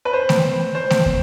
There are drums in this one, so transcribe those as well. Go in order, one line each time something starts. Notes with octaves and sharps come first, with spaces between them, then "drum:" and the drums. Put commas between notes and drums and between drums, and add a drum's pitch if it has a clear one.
B4
C5
drum: snare A3
C5
drum: snare A3
drum: kick